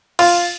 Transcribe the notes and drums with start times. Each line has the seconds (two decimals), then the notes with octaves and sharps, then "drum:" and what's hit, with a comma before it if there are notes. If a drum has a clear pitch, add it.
0.19 F4, drum: cymbal